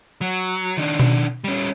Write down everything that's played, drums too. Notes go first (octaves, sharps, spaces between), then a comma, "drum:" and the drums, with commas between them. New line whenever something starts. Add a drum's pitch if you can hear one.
F#3
D#3 D4
drum: tom B2
G3 C#4